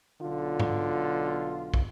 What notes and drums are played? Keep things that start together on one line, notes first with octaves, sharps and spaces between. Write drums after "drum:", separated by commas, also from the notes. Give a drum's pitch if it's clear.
B1 D3 F4
drum: tom G#2
drum: kick